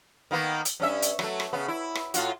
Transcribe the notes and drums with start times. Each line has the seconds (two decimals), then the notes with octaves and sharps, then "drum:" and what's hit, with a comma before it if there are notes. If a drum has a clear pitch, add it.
0.31 D#3 A#3 B3
0.65 drum: hi-hat
0.80 G2 C#4 E5
1.02 drum: hi-hat
1.19 F#3 A3, drum: rim click
1.40 drum: rim click
1.53 C#3 B3
1.68 E4
1.95 drum: rim click
2.14 A2 F4 F#4, drum: hi-hat